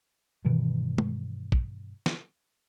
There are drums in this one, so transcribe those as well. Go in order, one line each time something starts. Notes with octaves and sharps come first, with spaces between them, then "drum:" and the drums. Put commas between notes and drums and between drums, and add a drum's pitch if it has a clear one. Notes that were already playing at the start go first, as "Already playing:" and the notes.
G2 B2 D#3 E3
drum: tom
drum: kick
drum: snare